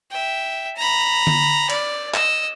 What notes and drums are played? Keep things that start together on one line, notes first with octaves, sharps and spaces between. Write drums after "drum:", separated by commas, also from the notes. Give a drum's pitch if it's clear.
E5 G5
A#5 B5
drum: tom D3
D5, drum: cymbal
D#5 E6, drum: clap